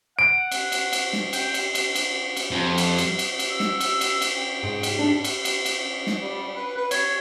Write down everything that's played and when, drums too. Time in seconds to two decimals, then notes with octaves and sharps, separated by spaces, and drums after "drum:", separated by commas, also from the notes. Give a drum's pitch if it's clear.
0.19 F#5 D7
0.51 drum: cymbal
0.72 drum: cymbal
0.93 drum: cymbal
1.13 drum: snare
1.33 G5, drum: cymbal
1.54 drum: cymbal
1.75 drum: cymbal
1.95 drum: cymbal
2.37 drum: cymbal
2.51 F2
2.78 drum: cymbal
2.98 drum: cymbal
3.19 drum: cymbal
3.39 drum: cymbal
3.50 E6
3.60 drum: snare
3.80 drum: cymbal
4.01 drum: cymbal
4.22 drum: cymbal
4.36 G5
4.63 G#2
4.83 drum: cymbal
4.99 D4
5.24 drum: cymbal
5.45 drum: cymbal
5.66 drum: cymbal
6.07 drum: snare
6.21 G3
6.55 B4
6.77 B4
6.91 C#5, drum: cymbal